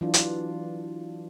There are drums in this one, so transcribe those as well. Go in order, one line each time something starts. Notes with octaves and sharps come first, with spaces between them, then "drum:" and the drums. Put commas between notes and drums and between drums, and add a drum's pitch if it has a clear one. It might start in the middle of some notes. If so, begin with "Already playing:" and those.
E3 F#3 D4 F4
drum: hi-hat